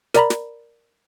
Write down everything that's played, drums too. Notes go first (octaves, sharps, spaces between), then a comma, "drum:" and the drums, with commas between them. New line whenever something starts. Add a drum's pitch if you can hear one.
A#4 D5 A#5 B5, drum: snare
drum: snare